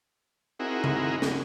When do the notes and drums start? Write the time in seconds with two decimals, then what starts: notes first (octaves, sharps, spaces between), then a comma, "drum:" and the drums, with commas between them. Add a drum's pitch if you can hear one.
0.59 C4 D#4 E4 F#4 G#4 A#4
0.84 drum: tom C#3
1.22 drum: snare